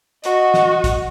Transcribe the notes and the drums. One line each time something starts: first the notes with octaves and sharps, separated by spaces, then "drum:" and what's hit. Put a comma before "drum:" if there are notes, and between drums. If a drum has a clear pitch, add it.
F#4 D#5, drum: hi-hat
drum: snare
drum: kick, hi-hat